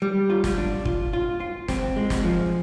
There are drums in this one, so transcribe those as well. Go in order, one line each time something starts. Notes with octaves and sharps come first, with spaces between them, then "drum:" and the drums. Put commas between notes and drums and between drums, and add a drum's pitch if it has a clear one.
G3
F4
drum: snare
D4
F4, drum: kick
F4
F4
C4, drum: snare
G#3
drum: snare
F3